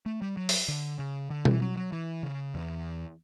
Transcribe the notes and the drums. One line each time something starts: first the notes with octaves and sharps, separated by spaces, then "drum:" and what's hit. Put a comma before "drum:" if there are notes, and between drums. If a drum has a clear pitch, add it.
A3
G3
F#3
drum: open hi-hat
D3
C#3
D3
E3, drum: tom B2
F#3
F#3
E3
C#3
E2